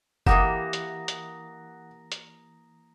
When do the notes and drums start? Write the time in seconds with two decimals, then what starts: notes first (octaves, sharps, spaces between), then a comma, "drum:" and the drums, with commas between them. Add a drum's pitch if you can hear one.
0.27 E3 A#3 G4 F#5 A#5 D#6 A#6, drum: kick F#1
0.73 drum: hi-hat
1.08 drum: hi-hat
2.12 drum: hi-hat